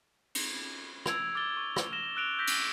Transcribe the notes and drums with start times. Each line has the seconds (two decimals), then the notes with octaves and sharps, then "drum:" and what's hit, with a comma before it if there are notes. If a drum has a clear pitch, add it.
0.35 drum: cymbal
1.06 E6 G#6 D7 F7, drum: rim click
1.35 D6 F6 A6 G7
1.57 C#6
1.76 drum: rim click
1.92 F6 A#6 E7 G7
2.16 E6 F#6 D7 F7 G7
2.37 E6 F6 G6 A#6 B6 D7
2.47 drum: cymbal